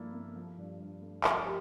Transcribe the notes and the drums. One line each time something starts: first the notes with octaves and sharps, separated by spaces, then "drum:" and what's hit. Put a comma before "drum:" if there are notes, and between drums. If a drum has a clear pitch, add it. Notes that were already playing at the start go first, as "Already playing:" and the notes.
Already playing: G2 F3 A#3 E4 A4
A#3
F3
G2
G2
A3
F3 A#4, drum: clap
G4